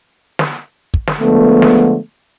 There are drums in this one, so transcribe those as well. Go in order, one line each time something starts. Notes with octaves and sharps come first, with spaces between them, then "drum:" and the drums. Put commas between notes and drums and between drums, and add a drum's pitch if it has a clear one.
drum: snare
drum: kick
drum: snare
D3 F3 G#3 A3 B3
drum: snare